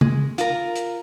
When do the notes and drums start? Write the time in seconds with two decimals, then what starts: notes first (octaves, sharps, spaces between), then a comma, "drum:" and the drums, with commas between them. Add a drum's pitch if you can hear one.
0.01 G#3, drum: tom
0.38 F4 A#4, drum: hi-hat
0.75 drum: hi-hat